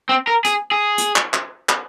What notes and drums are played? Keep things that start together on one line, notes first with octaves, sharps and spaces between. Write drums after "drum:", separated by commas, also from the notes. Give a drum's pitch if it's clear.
C4
A#4
G#4, drum: hi-hat
G#4
drum: hi-hat
drum: clap
drum: clap
drum: clap